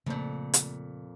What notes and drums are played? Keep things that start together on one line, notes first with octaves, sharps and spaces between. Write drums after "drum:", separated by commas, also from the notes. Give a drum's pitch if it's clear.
F2 A#2 C#3 A3 A#3
drum: hi-hat